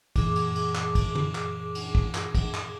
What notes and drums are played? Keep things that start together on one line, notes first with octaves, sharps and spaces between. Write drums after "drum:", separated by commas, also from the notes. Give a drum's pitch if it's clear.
F#2 A#2 E3 G#4 D6, drum: kick, cymbal
drum: cymbal
drum: cymbal
drum: clap
drum: kick, cymbal
drum: tom
drum: clap
drum: cymbal
drum: kick
drum: clap
drum: kick, cymbal
drum: clap